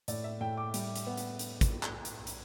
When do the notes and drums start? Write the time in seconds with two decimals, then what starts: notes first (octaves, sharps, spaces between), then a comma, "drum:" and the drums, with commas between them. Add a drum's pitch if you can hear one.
0.08 A2 D5, drum: hi-hat
0.24 E5
0.41 A2 G5
0.57 D6
0.74 G3, drum: hi-hat
0.96 drum: hi-hat
1.06 B3
1.17 drum: hi-hat
1.39 drum: hi-hat
1.61 drum: kick, hi-hat
1.83 drum: clap
2.05 drum: hi-hat
2.27 drum: hi-hat